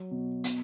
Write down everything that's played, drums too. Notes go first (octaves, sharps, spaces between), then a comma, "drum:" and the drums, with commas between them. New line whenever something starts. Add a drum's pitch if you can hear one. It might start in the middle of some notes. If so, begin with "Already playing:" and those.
Already playing: F#3
B2
B2, drum: hi-hat